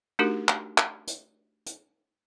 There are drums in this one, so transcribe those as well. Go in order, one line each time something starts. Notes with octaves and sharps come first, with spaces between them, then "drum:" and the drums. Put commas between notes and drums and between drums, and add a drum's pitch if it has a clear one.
A3 D4 D#4 F#4 G4 A#4
drum: clap
drum: clap
drum: hi-hat
drum: hi-hat